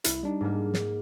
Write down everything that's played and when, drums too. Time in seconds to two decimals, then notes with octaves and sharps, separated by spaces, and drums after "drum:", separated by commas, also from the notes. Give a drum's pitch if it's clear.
0.04 C2 E4, drum: hi-hat
0.23 G3 D4 D#4
0.41 G#2 A#3
0.74 drum: snare